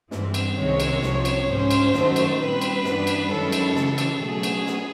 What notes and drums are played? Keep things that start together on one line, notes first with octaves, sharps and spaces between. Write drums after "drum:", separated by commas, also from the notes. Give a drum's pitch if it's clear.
G2 E3 G#3 C4, drum: snare
drum: cymbal
C2 C3 D#3 G#3 C4 C#5
drum: cymbal
C2 C3 F3, drum: snare
drum: cymbal
G#2 F3 G#3 C#4 C5
drum: cymbal
F#2 D#3 F#3 A3, drum: snare
drum: cymbal
A#2 G3 C4 B4
drum: cymbal
G2 E3 G3 B3 D4, drum: snare
drum: cymbal
F#2 D#3 G#3 C#4 E4 A4
drum: cymbal
C#3 E3 G#3, drum: snare
drum: cymbal
B2 F#3 A3 G#4
drum: cymbal
drum: snare